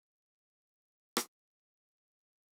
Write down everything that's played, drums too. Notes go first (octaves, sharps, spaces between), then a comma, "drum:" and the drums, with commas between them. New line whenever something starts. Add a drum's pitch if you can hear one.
C#2 G2
drum: rim click
B2 D3 A3
A#3
F#3